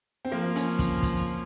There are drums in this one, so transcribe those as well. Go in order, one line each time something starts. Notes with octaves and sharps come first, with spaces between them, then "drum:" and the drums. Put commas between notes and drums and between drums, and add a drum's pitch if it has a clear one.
C4
F3 A#3
C#4, drum: hi-hat
drum: kick, hi-hat
drum: kick, hi-hat